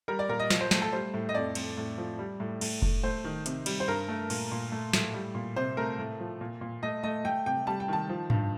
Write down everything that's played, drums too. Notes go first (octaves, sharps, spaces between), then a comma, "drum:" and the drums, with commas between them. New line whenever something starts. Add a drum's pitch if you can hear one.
G3 A#4
D5
A#2 A#4
D#5
F3, drum: snare
C5
A3 C5, drum: snare
A4
G3 C5
A2
D#5
F2 D5
F2, drum: cymbal
A2
F3
G3
A2
A2, drum: cymbal
A2, drum: kick F1
A3 C5
D#3
C3, drum: hi-hat
G3, drum: cymbal
C5
G2 A#4
A3
A#2, drum: cymbal
A#2
A3
A2, drum: snare
G3
A#2
C3 C5
A3 A#4
A2
F3
A#2
A#2
A3 D#5
A3 D#5
A3 G5
C3 G5
G3 A5
G5
D#3 A5
F3
G2, drum: tom G#2